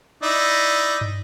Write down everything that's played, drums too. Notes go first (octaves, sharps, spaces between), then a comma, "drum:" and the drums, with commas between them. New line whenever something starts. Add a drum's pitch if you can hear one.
D#4 E4 D5
drum: tom